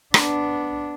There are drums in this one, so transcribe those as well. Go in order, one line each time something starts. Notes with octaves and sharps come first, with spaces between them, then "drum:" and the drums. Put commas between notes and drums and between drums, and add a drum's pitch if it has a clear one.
B3 D4, drum: rim click